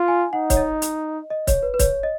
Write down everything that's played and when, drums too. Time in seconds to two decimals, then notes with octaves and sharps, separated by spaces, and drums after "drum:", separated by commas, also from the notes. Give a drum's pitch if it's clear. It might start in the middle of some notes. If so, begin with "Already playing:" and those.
Already playing: F4
0.08 G#5
0.33 D#4 F#5
0.50 C#5, drum: kick C#1, hi-hat
0.57 D#5
0.82 drum: hi-hat
1.30 D#5
1.47 C#5, drum: kick C#1, hi-hat
1.63 B4
1.74 B4
1.79 C#5, drum: kick C#1, hi-hat
2.03 D#5